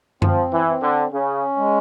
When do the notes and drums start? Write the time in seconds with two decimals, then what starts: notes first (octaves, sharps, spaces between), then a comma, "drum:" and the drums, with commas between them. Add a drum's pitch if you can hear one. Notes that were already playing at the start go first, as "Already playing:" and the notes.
0.22 F3 C4, drum: tom F#2
0.53 E3
0.66 C4
0.82 D3
1.11 C#3 C#4
1.56 G#3